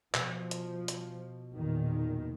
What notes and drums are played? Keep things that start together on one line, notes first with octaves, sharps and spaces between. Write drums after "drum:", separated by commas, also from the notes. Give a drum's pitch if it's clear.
B2 F3, drum: clap
drum: hi-hat
drum: hi-hat
E2 A#2 D#3